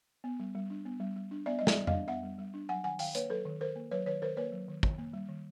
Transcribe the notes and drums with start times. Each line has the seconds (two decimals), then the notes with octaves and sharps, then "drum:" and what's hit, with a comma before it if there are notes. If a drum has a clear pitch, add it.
0.24 B3
0.40 G3
0.55 G3
0.70 D4
0.85 B3
1.00 G3
1.16 G3
1.31 D4
1.46 B3 D5 E5
1.59 G3 D#5
1.67 D5 E5, drum: snare
1.77 G3
1.87 D#5 F5, drum: tom F2
1.92 D4
2.08 B3 E5 F#5
2.23 G3
2.38 G3
2.54 D4
2.69 F#3 F#5 G#5
2.84 D#3 F#5 G#5
2.99 D#3 F5 G5, drum: open hi-hat
3.15 A#3 B4 C#5, drum: hi-hat
3.30 F#3 A4 B4
3.45 D#3
3.60 D#3 A#4 C5
3.76 A#3
3.91 F#3 B4 C#5
4.06 D#3 B4 C#5
4.22 D#3 A#4 C5
4.37 A#3 B4 C#5
4.52 F#3
4.68 D#3
4.83 D#3, drum: kick
4.98 A#3
5.13 G3
5.29 D#3